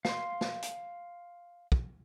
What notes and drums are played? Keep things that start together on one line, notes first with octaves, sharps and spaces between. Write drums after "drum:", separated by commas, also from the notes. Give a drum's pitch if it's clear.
F5 C6, drum: snare
drum: snare
drum: hi-hat
drum: kick